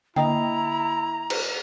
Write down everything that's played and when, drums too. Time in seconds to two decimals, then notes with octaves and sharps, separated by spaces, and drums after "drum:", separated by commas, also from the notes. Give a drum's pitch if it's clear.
0.16 D3 A#3 E4 D#5 G5 A#5
1.30 drum: cymbal